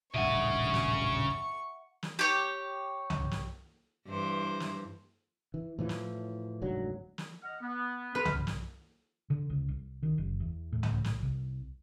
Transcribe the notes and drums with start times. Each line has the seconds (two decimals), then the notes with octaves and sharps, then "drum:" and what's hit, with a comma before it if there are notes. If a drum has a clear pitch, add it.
0.15 D#1 A1 G2 C#3 E5 F#5 G#5 C#6
0.74 drum: snare
2.03 drum: snare
2.19 G4 C#5
3.10 drum: tom C2
3.31 drum: snare
4.07 G2 E3 C5
4.60 drum: snare
5.54 E3
5.79 A2 E3 F3
5.89 drum: snare
6.61 F1 D2 G#2 F#3
7.18 drum: snare
7.43 D#5 F#5 F6
7.61 B3
8.15 B3 B4 C6 F6
8.25 drum: tom C2
8.47 drum: snare
9.30 D3
9.50 C#2
9.68 C2
10.03 D#3
10.18 F#1
10.40 E2
10.72 A2
10.83 drum: tom C2
11.04 drum: snare
11.23 C2